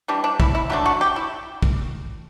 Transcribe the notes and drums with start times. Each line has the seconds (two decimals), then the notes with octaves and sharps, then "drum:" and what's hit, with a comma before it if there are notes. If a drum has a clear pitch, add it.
0.08 E3 G3 D4
0.24 D4
0.40 E4, drum: kick
0.55 E4
0.70 F#3 A3 D4 E4
0.86 F#4
1.01 G4
1.16 E4
1.62 drum: kick